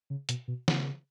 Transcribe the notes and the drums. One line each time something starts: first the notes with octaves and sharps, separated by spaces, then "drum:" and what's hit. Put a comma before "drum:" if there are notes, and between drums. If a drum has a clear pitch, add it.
C#3
B2, drum: hi-hat
B2
C#3, drum: snare